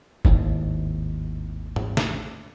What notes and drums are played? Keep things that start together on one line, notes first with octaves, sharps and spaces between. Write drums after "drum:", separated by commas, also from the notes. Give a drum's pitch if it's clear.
G#1 D#2 A2, drum: kick F1
drum: tom G#2
drum: snare